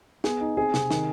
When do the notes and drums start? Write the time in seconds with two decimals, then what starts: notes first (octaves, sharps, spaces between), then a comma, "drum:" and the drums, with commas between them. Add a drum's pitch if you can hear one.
0.24 B3 G#4, drum: snare
0.41 D#4
0.57 C4 G#4
0.74 C3, drum: snare
0.90 D#3, drum: snare